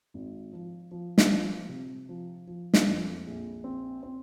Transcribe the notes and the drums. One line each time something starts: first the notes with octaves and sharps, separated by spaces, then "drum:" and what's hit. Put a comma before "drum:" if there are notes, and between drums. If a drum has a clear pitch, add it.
G#1
F3
F3
drum: snare
F3
C3
F3
F3
drum: snare
F2
A#1
C4
C4